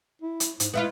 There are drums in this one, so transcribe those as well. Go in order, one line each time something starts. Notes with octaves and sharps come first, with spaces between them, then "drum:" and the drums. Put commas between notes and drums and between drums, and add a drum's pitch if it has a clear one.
E4
drum: hi-hat
G#2, drum: hi-hat
G#3 B3 E4 F4